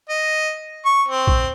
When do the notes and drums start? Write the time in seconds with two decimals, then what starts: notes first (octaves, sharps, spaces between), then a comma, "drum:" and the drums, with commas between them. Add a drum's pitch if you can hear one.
0.09 D#5
0.86 C#6
1.08 C4
1.27 drum: kick